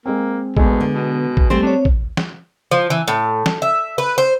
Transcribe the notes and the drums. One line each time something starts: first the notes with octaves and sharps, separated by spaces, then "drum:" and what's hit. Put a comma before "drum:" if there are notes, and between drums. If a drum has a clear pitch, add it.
G#3 A#3 C4
D2 G#3 B3, drum: kick A1
D3
B2
drum: kick A1
G3 A3 C4 C5
C4 D4 C#5
drum: kick A1
drum: snare
F3
E3
A2
drum: snare
E5
B4
C5